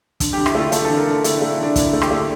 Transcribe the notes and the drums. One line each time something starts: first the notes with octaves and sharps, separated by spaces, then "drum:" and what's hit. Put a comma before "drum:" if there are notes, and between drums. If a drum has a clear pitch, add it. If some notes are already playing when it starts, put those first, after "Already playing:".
D3, drum: kick, hi-hat
G4
D3
E4, drum: rim click
A3 F4
A3 A4, drum: hi-hat
A4
D3
A#4
D3 A4
A3 E4, drum: hi-hat
D4
A3
E4
D3 D4
D3 E4, drum: kick, hi-hat
A3
G4, drum: rim click
A3